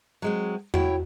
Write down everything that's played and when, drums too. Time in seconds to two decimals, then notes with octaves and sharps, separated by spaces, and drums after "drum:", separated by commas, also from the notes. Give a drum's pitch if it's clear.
0.22 F#3 G#3 C4
0.74 E4 F#4 C#5 G5, drum: tom E2